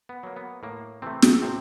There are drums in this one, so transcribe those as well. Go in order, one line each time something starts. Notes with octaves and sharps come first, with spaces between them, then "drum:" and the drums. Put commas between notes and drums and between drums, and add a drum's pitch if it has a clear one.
B3
F#3 A#3
B3
A2 A#3
C3 E3 A3 C4
drum: snare
A2 C3 C4